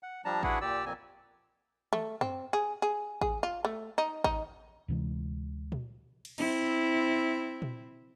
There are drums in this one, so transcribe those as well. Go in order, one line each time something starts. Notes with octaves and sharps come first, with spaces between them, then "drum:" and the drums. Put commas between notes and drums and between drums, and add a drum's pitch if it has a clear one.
F#5
F3 G3 D4 A5 A#5
D4 E4 F#4 G#4 B4 F#5, drum: kick A1
A#2 G4 D5 E6
F2 A#2 A#3 C4 G#5
A3, drum: tom D#3
C4, drum: tom F#2
G#4
G#4
G#4, drum: kick A1
F4
A3
D#4
D#4, drum: kick A1
D2 C3 E3 G#3
drum: tom A#2
drum: cymbal
C4 E4, drum: cymbal
drum: tom A#2